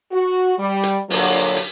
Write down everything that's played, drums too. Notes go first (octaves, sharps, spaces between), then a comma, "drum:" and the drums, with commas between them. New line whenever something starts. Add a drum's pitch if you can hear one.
F#4
G3
drum: hi-hat
G2 A#2 D3 F#3, drum: open hi-hat
drum: hi-hat